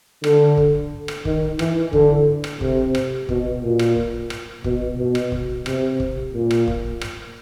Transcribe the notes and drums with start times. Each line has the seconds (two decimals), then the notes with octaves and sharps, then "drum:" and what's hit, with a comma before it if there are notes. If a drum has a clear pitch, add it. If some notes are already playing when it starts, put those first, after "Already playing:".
0.24 D3, drum: rim click
0.57 drum: kick
1.08 drum: rim click
1.25 D#3, drum: kick
1.59 E3, drum: rim click
1.93 D3, drum: kick
2.44 drum: rim click
2.61 C3, drum: kick
2.95 drum: rim click
3.29 B2, drum: kick
3.62 A#2
3.79 drum: rim click
3.96 drum: kick
4.30 drum: rim click
4.64 B2, drum: kick
4.98 B2
5.15 drum: rim click
5.32 drum: kick
5.66 C3, drum: rim click
6.00 drum: kick
6.34 A#2
6.51 drum: rim click
6.68 drum: kick
7.01 drum: rim click